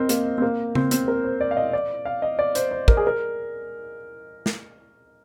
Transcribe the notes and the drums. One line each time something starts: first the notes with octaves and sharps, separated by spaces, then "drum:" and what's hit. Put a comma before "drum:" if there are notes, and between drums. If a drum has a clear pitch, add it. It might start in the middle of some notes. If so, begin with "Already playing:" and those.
Already playing: C4 A#4 D#5
A#3, drum: hi-hat
C4
A#3
C4, drum: tom C#3
C4, drum: hi-hat
A#4
C5
D5
F5
D#5
D5
F5
D#5
D5
C5, drum: hi-hat
C5
A#4, drum: kick
G#4
A#4
drum: snare